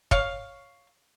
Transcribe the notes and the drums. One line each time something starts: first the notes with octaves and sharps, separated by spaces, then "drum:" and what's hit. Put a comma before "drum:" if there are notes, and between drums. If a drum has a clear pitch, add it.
C#5 F5, drum: kick